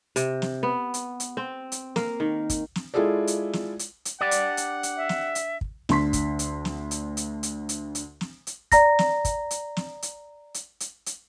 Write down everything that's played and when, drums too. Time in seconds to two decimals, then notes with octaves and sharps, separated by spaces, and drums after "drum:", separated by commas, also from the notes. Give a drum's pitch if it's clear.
0.16 C3, drum: hi-hat
0.42 drum: snare
0.63 B3
0.94 drum: hi-hat
1.20 drum: hi-hat
1.37 C4
1.72 drum: hi-hat
1.96 A#3, drum: snare
2.20 D#3
2.50 drum: kick, hi-hat
2.75 drum: snare
2.94 G#3 E4 F4 G#4 A4 D5
3.27 drum: hi-hat
3.53 drum: snare
3.79 drum: hi-hat
4.05 drum: hi-hat
4.21 D4 G4 D5 F#5
4.31 drum: hi-hat
4.57 drum: hi-hat
4.83 drum: hi-hat
4.97 E5
5.09 drum: snare
5.35 drum: hi-hat
5.61 drum: kick
5.89 D2 D3 C6 B6, drum: snare
6.13 drum: kick, hi-hat
6.39 drum: hi-hat
6.65 drum: snare
6.91 drum: hi-hat
7.17 drum: hi-hat
7.43 drum: hi-hat
7.69 drum: hi-hat
7.95 drum: hi-hat
8.21 drum: snare
8.47 drum: hi-hat
8.72 D5 A#5 A#6, drum: kick, hi-hat
8.99 drum: snare
9.25 drum: kick, hi-hat
9.51 drum: hi-hat
9.77 drum: snare
10.02 drum: hi-hat
10.54 drum: hi-hat
10.80 drum: hi-hat
11.06 drum: hi-hat